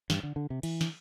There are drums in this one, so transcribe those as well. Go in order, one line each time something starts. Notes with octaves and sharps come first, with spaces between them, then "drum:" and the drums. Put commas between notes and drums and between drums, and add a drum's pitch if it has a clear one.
G2, drum: snare
D3
D3
C3
E3, drum: cymbal
drum: snare